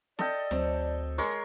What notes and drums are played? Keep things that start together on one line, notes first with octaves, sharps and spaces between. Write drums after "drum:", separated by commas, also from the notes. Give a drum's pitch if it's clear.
A4 D5 D#5 G5, drum: snare
D2 F#3 C4, drum: snare
G#3 A#4 C#5, drum: open hi-hat